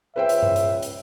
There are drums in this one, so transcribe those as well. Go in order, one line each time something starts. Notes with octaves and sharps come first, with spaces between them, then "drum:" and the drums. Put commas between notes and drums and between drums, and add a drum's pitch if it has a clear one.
C#2 B4 C5 E5 G5
drum: hi-hat
drum: tom G2
drum: hi-hat
drum: hi-hat